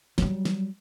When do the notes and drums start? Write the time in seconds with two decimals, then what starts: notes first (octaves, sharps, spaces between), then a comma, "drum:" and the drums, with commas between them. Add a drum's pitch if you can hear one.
0.18 F#3 G3, drum: snare
0.45 drum: snare